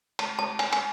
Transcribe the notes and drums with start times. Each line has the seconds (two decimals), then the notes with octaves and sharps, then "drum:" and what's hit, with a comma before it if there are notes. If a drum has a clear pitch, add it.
0.19 A5, drum: cymbal
0.39 A5
0.59 G#5, drum: cymbal
0.73 G#5, drum: cymbal